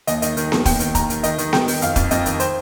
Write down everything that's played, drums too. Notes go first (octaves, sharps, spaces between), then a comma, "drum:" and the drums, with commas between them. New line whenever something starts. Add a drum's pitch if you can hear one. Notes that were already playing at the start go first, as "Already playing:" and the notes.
D#2 D#5, drum: hi-hat
D#3 D#5, drum: hi-hat
D#3, drum: hi-hat
D#2, drum: snare B3
D#2 G5, drum: kick, open hi-hat
D#3, drum: hi-hat
D#2 A#5, drum: kick, hi-hat
D#3, drum: hi-hat
D#3 D#5, drum: hi-hat
D#3, drum: hi-hat
D#3 G5, drum: snare B3
D#3, drum: open hi-hat
F2 F5, drum: hi-hat
F2, drum: kick, hi-hat
F2 D#5, drum: hi-hat
D#3, drum: hi-hat
C5, drum: hi-hat